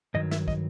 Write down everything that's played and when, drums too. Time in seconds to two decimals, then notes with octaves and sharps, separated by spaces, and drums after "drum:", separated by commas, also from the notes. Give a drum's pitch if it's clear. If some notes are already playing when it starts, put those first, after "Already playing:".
0.14 G2 D#3 F#3 D#5
0.31 E5, drum: snare
0.48 D#5, drum: kick